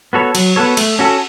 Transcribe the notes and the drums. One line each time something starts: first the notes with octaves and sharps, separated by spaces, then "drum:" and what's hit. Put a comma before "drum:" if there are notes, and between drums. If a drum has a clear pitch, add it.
B3 F#4 A4 C#5
F#3, drum: cymbal
B3 F#4 A4 C#5
A3, drum: cymbal
C#4 F#4 A4